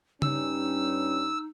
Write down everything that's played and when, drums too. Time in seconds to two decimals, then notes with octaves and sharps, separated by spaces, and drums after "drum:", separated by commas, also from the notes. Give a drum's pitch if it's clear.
0.22 G2 G3 C#4 D#4 E6, drum: tom C#3